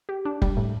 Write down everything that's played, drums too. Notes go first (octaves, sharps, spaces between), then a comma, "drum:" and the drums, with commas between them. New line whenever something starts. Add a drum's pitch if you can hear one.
G4
D4
G3, drum: kick F1
A2